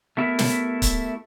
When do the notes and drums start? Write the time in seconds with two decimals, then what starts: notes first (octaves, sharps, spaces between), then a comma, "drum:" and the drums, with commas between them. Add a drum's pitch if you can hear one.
0.17 A3 B3 E4 G4 A#4 E5
0.39 drum: snare
0.82 drum: kick C#1, hi-hat